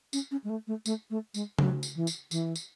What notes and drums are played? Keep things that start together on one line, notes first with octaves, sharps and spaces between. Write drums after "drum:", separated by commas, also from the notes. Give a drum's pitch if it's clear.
C#4, drum: tambourine
C#4
G#3
A3
A3
A3, drum: tambourine
A3
G#3, drum: tambourine
F#3, drum: tom C#3
drum: tambourine
E3
drum: tambourine
E3, drum: tambourine
drum: tambourine